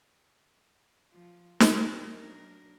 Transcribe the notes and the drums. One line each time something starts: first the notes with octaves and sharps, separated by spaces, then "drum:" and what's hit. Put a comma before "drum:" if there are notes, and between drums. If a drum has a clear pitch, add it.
F3
F2 A#4, drum: snare
F#3 D4 A#4